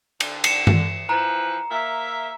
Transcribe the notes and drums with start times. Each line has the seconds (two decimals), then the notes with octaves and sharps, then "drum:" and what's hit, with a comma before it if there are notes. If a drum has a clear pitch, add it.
0.20 D3, drum: cymbal
0.44 C7 C#7 E7, drum: cymbal
0.67 drum: tom G2
1.09 E3 F3 B4 A#5
1.71 A#3 E5